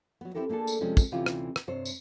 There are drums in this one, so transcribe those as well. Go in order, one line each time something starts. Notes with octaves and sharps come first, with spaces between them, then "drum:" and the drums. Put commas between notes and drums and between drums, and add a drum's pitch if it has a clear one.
F#3 B3
C4 E4 F4 G4 A4 A#4
A3 A#3 D4 G#4 A4
drum: tambourine
C3 F3 G3 G#3 C#4
drum: kick, tambourine
D2 C3 E3 C#4 F4
drum: rim click
drum: rim click
G2 C3 C5 C#5
drum: tambourine